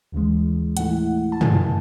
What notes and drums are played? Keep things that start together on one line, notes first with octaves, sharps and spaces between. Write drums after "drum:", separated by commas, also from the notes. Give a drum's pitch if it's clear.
D#2 C#3 E3 G#3
A2 E3 A3 E4 F#5, drum: hi-hat
A5
B2 A3 E4 G#5, drum: tom